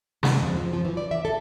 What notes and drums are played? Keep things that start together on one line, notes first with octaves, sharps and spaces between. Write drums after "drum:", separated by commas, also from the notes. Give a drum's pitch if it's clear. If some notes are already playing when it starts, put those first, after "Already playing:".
G#3, drum: snare
F2
F3
F3
E3
D5
E5
A4